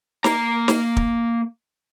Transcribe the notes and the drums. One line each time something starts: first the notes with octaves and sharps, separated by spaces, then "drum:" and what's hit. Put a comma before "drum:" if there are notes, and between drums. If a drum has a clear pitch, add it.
A#3 A#5, drum: snare
drum: snare
drum: kick